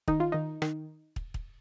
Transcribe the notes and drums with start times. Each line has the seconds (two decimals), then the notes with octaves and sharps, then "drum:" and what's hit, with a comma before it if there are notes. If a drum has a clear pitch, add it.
0.08 D#3 D#4, drum: kick
0.20 F4
0.32 D#3 D#4
0.62 D#3, drum: rim click
1.16 drum: kick
1.34 drum: kick